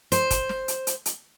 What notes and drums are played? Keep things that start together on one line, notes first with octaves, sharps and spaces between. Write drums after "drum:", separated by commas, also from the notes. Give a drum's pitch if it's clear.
C5, drum: hi-hat
drum: kick, hi-hat
drum: snare
drum: hi-hat
drum: hi-hat
drum: hi-hat